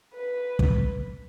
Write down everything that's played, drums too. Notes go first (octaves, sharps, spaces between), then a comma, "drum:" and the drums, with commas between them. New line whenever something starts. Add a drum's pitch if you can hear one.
B4
drum: kick